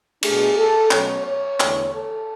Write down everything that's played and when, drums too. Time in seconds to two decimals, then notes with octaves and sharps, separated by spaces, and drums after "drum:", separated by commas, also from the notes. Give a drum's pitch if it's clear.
0.23 B2 A3 D4 G#4, drum: cymbal
0.57 A4
0.91 B2 F#3 A3 C#4 C#5, drum: clap
1.26 C#5
1.60 E2 D3 A3, drum: clap
1.94 A4